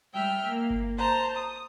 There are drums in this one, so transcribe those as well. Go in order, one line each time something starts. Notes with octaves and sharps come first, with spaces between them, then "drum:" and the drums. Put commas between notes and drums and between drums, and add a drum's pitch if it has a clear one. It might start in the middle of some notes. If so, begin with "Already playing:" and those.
G3 E5 G5 F6
A#3
drum: kick G1
C5 A5 A#5
D#6